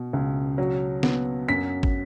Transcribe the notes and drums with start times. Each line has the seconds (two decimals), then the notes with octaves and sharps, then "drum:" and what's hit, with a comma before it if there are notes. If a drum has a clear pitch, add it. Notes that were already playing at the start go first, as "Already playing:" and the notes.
Already playing: B2
0.13 C#2
0.58 F#3
1.03 B3, drum: snare
1.49 F#2 B6
1.83 drum: kick